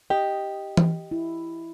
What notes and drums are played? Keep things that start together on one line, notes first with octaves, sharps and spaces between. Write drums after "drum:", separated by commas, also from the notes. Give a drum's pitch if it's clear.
G4 D#5
drum: tom E3
E4